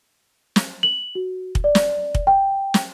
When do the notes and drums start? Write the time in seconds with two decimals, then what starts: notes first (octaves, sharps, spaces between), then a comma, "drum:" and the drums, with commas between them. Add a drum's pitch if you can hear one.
0.56 drum: snare
0.83 F#7
1.15 F#4
1.55 drum: kick
1.64 D5
1.75 drum: snare
2.15 drum: kick
2.27 G5
2.74 drum: snare